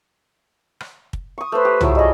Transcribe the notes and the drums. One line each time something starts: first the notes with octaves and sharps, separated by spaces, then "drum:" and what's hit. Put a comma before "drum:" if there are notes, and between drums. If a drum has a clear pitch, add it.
drum: rim click
drum: kick
C#6 D#6
A3 B4 C5
G4
F3 F#3 E4, drum: tom C2
G3 G#4 D#5